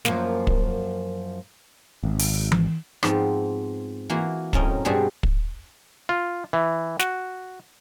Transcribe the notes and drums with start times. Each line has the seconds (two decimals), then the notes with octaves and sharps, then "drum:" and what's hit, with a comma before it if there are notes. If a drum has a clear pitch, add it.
0.05 F#2 F3 A#3, drum: snare
0.47 drum: kick
2.04 G#1
2.19 drum: open hi-hat
2.52 drum: tom E3
3.03 G#2 F3 B3 C4, drum: rim click
4.10 E3 A#3 F#4 A#5 C6
4.53 F#2 A2 C4 C#4 A#4 D#5, drum: kick
4.85 G2 B2 G3 C4 F#4 G#4
5.23 drum: kick
6.09 F4
6.53 E3
6.99 F#4, drum: snare